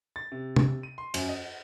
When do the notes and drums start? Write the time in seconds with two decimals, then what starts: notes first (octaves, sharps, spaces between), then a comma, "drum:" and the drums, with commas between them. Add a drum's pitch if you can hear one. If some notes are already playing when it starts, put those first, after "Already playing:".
0.16 A6
0.32 C3
0.56 drum: tom
0.83 D#7
0.98 C6
1.14 F#2, drum: cymbal
1.29 D#5